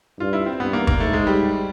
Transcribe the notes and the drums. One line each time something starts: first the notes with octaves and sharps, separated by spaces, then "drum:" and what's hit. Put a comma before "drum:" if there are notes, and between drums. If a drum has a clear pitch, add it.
G2 F4
E4
C4
G2 B3
A#3
A#3, drum: kick
G#2 A3
G#3
G3